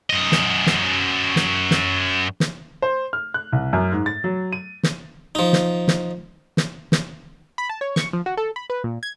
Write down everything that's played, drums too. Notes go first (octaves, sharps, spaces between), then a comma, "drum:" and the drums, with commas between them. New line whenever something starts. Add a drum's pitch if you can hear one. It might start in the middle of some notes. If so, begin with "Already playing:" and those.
F#2 D#5
drum: snare
drum: snare
drum: snare
drum: snare
drum: snare
C5
F6
F#6
C2
F#2
G#2
A6
F#3
D#7
drum: snare
F3 D#4
drum: snare
drum: snare
drum: snare
drum: snare
B5
A5
C#5
C#6, drum: snare
F3
F#4
A4
B5
B4
A#2
G#6